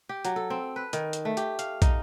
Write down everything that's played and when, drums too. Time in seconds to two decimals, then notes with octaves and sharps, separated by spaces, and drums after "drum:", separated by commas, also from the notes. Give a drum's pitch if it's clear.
0.09 G4
0.25 F#3, drum: hi-hat
0.36 A4
0.50 C4
0.76 B4
0.93 D#3, drum: hi-hat
1.13 drum: hi-hat
1.25 A3
1.37 G4, drum: hi-hat
1.59 F5, drum: hi-hat
1.82 D#4, drum: kick, hi-hat